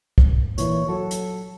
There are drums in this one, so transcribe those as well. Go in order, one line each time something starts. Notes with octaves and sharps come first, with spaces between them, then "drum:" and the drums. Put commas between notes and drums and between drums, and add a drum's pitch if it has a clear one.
drum: kick
A#2 E3 C#5, drum: hi-hat
F#3 A4
drum: hi-hat